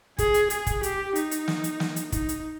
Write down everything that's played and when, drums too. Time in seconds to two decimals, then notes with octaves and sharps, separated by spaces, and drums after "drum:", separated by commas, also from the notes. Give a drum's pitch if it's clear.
0.18 G#4, drum: kick, hi-hat
0.34 drum: hi-hat
0.50 G#4, drum: hi-hat
0.67 drum: kick, hi-hat
0.83 G4, drum: hi-hat
1.15 D#4, drum: hi-hat
1.31 drum: hi-hat
1.48 drum: snare
1.64 drum: hi-hat
1.80 drum: snare
1.96 drum: hi-hat
2.12 D#4, drum: kick, hi-hat
2.29 drum: hi-hat